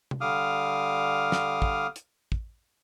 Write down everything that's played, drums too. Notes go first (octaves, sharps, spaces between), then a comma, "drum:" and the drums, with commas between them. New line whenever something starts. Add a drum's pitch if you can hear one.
drum: tom
D3 G3 F5 D6 D#6 F6
drum: snare
drum: kick
drum: hi-hat
drum: kick